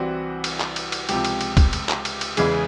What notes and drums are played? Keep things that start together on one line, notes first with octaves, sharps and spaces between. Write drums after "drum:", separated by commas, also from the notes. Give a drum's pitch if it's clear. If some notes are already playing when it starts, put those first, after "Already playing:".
Already playing: C2 C3 E3 G3 C4 F#4
drum: cymbal
drum: clap
drum: cymbal
drum: cymbal
C#2 C3 F3 G4, drum: cymbal
drum: cymbal
drum: cymbal
drum: kick, cymbal
drum: cymbal
drum: clap
drum: cymbal
drum: cymbal
E2 C#3 E3 G#3 G#4, drum: cymbal